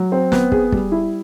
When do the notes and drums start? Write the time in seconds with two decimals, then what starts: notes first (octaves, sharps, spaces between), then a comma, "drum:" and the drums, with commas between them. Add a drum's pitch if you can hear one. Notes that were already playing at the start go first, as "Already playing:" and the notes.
Already playing: F#3
0.12 C4
0.32 B3, drum: snare
0.52 G#4, drum: kick
0.72 G3, drum: kick
0.92 E4